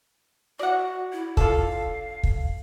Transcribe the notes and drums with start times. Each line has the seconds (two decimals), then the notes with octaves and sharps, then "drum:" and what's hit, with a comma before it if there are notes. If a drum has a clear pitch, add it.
0.59 F#4 D5 F#5
1.13 E4
1.37 D4 F4 A4 F5, drum: kick
2.23 drum: kick